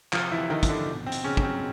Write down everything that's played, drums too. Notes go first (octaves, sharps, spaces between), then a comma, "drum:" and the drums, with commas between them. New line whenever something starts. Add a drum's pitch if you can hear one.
C3 F3 F4, drum: clap
E3 E4
C3
D#3 D#4
F3, drum: kick, hi-hat
D3 D4
B2
C4
B2, drum: hi-hat
C#3 C#4
F#3, drum: kick
C4